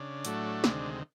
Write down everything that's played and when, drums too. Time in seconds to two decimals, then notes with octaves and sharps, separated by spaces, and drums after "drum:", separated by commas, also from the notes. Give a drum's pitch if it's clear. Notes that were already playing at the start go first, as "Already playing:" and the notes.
Already playing: C#3 D4
0.25 A2 F#3 A3, drum: hi-hat
0.64 D2 C3 D#3 G#3, drum: snare